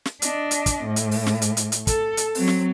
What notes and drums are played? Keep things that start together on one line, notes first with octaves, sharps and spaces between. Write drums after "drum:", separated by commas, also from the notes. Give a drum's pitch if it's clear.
drum: snare
D4 D#5, drum: hi-hat
drum: hi-hat
drum: kick, hi-hat
A2
drum: hi-hat
drum: open hi-hat
drum: snare
drum: hi-hat
drum: hi-hat
drum: hi-hat
A4, drum: kick, hi-hat
drum: hi-hat
F#3 C4, drum: open hi-hat
drum: snare